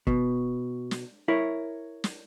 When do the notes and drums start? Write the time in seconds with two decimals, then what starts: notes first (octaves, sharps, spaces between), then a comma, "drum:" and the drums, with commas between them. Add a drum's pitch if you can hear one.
0.07 B2, drum: kick
0.91 drum: snare
1.28 E4 A#4 C#5
2.04 drum: snare